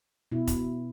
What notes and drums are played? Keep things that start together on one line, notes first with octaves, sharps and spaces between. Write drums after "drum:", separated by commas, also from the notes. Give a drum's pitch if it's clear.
B2 E4
drum: kick F1, hi-hat